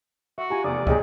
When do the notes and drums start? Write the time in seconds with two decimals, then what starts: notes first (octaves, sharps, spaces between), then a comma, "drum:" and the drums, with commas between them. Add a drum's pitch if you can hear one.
0.38 F#4 E5
0.50 F4 G4 G#5 A#5
0.64 F1 E2 D5 D#6
0.87 B1 G#2 G#4 D#5 G5, drum: kick